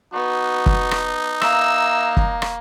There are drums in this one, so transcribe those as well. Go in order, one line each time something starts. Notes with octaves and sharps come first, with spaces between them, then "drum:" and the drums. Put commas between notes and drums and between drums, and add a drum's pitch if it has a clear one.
B3 D#4 F#4
drum: kick
drum: rim click
A#3 E5 E6, drum: rim click
drum: kick
drum: rim click